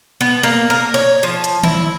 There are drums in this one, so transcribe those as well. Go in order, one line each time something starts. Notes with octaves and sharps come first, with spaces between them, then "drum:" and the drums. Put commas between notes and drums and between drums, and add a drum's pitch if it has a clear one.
B3
A#3
A#4
C#5
F3
drum: hi-hat
E4, drum: tom D#3